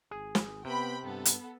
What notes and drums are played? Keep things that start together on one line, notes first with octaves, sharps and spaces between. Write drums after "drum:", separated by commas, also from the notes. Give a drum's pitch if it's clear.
G#1 G#4
drum: snare
C3 B3 G5 B5
G2 B3 A4
drum: hi-hat